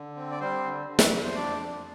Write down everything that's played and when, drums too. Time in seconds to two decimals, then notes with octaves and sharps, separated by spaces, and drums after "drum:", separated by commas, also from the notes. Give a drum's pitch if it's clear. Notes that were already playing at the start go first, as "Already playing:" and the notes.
Already playing: D3
0.16 C4
0.31 D5
0.40 G3 C4 C5
0.64 D3
0.88 D3
0.99 drum: snare
1.11 F2
1.23 C5
1.35 F2 D4 D5
1.59 F2